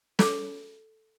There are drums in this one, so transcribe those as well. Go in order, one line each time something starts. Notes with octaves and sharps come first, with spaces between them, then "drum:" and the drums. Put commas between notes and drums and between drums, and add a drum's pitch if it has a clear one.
A4 D6, drum: snare